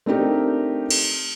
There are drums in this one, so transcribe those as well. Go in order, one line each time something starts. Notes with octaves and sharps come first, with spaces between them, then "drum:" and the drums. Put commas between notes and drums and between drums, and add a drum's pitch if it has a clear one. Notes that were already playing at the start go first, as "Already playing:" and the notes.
A3 C4 D4 D#4 G4 A#4
drum: cymbal